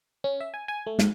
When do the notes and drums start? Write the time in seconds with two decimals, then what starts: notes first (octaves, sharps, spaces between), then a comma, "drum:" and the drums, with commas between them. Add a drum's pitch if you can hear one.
0.24 C#4
0.40 E5
0.54 G#5
0.68 G#5
0.87 A3
0.99 G#2, drum: snare